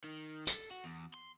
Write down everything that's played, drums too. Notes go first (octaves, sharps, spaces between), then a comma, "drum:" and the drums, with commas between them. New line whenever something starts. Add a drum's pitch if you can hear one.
D#3
A4, drum: tambourine
F#4
E2
C6